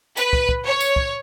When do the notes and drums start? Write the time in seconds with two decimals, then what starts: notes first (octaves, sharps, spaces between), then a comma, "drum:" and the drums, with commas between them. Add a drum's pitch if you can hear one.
0.17 B4, drum: tambourine
0.33 drum: kick
0.49 drum: kick
0.66 C#5
0.80 drum: tambourine
0.96 drum: kick